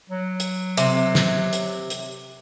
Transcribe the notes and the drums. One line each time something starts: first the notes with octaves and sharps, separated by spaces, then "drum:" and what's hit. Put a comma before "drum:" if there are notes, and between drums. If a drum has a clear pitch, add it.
F#3
drum: hi-hat
C3, drum: hi-hat
drum: snare
drum: hi-hat
drum: hi-hat